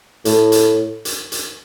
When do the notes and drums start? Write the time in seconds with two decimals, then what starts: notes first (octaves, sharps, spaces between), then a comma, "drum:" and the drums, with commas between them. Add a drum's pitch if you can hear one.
0.25 A2, drum: hi-hat
0.52 drum: hi-hat
1.05 drum: hi-hat
1.32 drum: hi-hat